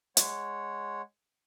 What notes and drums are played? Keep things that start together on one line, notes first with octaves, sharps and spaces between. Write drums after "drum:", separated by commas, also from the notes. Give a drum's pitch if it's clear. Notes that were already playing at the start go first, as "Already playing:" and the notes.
G#3 C#5 F#5, drum: hi-hat